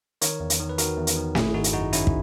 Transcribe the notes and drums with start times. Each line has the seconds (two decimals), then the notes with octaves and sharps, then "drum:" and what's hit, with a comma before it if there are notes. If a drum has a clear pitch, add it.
0.21 D#3 A#4 C#5, drum: hi-hat
0.40 E2
0.50 drum: hi-hat
0.60 D#3
0.69 B4
0.78 D#3 F#4 A#4, drum: hi-hat
0.97 E2
1.07 drum: hi-hat
1.17 D#3
1.35 G#1 E4 G#4, drum: snare
1.54 G#1 D#4 F#4
1.64 drum: hi-hat
1.73 F#2 D#4 F#4
1.93 D#3 C#4 E4, drum: hi-hat
2.07 drum: kick